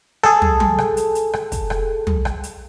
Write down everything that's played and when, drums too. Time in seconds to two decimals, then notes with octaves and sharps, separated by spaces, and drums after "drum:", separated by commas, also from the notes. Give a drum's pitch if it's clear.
0.23 G#4 A4, drum: rim click
0.42 drum: tom
0.60 drum: tom F#3
0.78 drum: rim click
0.97 drum: hi-hat
1.15 drum: hi-hat
1.33 drum: rim click
1.52 drum: kick, hi-hat
1.70 drum: rim click
2.07 drum: tom
2.25 drum: rim click
2.43 drum: hi-hat